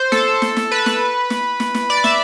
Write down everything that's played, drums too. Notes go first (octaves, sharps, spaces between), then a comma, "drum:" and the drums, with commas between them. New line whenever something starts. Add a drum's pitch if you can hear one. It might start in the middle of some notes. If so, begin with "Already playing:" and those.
Already playing: C5
A4, drum: snare
drum: snare
drum: snare
B4
drum: snare
drum: snare
drum: snare
drum: snare
D5
E5, drum: snare